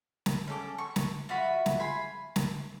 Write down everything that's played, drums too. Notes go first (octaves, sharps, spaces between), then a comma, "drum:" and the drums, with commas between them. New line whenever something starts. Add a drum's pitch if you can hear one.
drum: snare
C#4 A4 D6
C#6
drum: snare
F4 F#4 E5 B5
drum: snare
F5 G#5 B5 C6
drum: snare